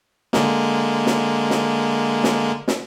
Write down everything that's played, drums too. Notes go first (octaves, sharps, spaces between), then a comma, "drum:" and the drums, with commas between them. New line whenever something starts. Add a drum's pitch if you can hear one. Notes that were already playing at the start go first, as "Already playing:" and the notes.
D3 G#3 A#3, drum: snare
drum: snare
drum: snare
drum: snare
drum: snare